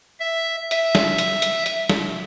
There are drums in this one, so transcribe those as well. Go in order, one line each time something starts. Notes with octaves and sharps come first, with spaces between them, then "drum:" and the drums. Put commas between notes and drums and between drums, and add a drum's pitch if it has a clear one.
E5
E5, drum: hi-hat
drum: snare
drum: hi-hat
drum: hi-hat
drum: hi-hat
drum: snare